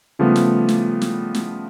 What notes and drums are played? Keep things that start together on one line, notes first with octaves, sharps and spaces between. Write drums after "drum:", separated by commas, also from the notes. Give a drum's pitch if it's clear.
C#3 F3 G3 A3 B3
drum: snare
drum: snare
drum: snare
drum: snare